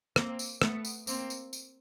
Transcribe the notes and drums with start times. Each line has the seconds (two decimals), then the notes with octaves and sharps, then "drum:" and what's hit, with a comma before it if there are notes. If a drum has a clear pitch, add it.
0.16 A#3 C4, drum: rim click
0.39 drum: tambourine
0.62 A3 B3, drum: rim click
0.85 drum: tambourine
1.07 A#3 C4, drum: tambourine
1.30 drum: tambourine
1.53 drum: tambourine